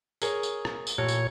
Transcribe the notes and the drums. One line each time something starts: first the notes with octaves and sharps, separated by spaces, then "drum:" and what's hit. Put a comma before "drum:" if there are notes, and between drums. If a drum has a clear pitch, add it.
G#4 A#4 C#5, drum: tambourine
drum: tambourine
drum: rim click
drum: tambourine
A1 A#2 C#5
drum: tambourine